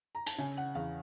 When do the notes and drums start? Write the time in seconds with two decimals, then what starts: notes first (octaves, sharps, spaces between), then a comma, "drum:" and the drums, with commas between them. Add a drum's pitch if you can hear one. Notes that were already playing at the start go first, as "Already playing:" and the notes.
0.15 A#5
0.27 A5, drum: hi-hat
0.38 C#3 G#5
0.57 F#5
0.75 E2 F5